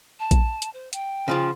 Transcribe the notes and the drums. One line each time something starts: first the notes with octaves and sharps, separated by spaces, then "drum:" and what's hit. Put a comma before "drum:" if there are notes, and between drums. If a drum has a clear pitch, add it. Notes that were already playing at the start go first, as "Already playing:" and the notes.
A5
drum: kick A#1, hi-hat
drum: hi-hat
C5
G5, drum: hi-hat
C#3 F3 F4